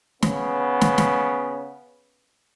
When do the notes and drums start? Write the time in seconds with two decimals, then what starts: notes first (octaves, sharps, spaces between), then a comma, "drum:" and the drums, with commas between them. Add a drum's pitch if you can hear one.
0.22 C#3 B3, drum: snare
0.81 drum: snare
0.98 drum: snare